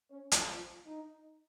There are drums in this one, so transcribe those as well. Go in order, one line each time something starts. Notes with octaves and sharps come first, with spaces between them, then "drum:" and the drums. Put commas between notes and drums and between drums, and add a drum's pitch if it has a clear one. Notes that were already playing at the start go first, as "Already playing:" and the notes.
C#4 C#5
drum: hi-hat
F3 F4
D#4